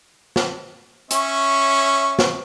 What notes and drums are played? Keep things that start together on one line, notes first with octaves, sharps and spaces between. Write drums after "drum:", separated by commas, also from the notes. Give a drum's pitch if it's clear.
drum: snare
C#4 C#5 E5, drum: hi-hat
drum: snare